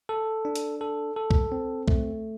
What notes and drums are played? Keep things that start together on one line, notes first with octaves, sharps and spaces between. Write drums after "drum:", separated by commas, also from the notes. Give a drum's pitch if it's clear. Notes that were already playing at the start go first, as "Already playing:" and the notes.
A4
D4
drum: hi-hat
A4
A4
drum: kick
C4
A3, drum: kick